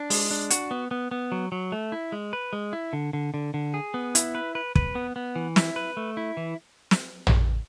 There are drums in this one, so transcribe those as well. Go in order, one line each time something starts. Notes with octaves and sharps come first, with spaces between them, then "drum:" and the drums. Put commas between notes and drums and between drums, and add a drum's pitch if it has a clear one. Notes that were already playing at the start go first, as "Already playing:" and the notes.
Already playing: D4
G#3, drum: open hi-hat
D4
F#4, drum: hi-hat
B3
B3
B3
F#3
F#3
A3
E4
G#3
B4
G#3
E4
D3
D3
D3
D3
G#4
B3
E4, drum: hi-hat
B4
B4
B4, drum: kick
B3
B3
E3
E4, drum: snare
B4
A3
E4
E3
drum: snare
drum: tom